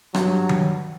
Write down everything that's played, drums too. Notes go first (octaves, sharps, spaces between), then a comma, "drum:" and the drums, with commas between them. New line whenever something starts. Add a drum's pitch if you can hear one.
G2 F#3, drum: rim click
drum: tom D#3